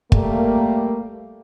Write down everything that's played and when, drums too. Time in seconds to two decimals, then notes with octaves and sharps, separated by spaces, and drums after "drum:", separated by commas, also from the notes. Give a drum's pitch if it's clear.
0.12 G3 A3 A#3, drum: kick